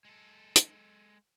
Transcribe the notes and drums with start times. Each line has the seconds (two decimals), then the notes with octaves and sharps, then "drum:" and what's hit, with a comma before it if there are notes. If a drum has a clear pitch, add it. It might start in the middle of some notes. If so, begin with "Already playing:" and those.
0.05 G#3 A4
0.56 drum: hi-hat